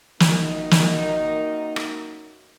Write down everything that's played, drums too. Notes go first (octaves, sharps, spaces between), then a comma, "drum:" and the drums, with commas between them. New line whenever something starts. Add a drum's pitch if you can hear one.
F#2 D#3 A#3 D#4, drum: snare
drum: snare
drum: rim click